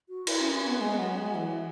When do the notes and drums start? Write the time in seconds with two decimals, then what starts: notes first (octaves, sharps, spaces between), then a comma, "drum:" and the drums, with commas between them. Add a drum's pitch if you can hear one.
0.09 F#4
0.27 E4, drum: cymbal
0.41 C#4
0.54 C#4
0.67 B3
0.81 G#3
0.98 F#3
1.17 G#3
1.35 E3